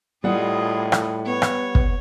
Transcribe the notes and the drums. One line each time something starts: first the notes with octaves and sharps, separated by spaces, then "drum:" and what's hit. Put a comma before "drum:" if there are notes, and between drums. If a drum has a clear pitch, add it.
A2 G3 F4 G#4 D#5 F#5
drum: rim click
B3 C#5
drum: rim click
drum: kick